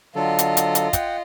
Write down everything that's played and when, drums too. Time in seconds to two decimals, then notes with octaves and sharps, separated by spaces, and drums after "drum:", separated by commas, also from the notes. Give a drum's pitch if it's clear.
0.16 D3 F#3 F4 A4 D#5
0.39 drum: hi-hat
0.57 drum: hi-hat
0.75 drum: hi-hat
0.93 F#5 G5, drum: kick, hi-hat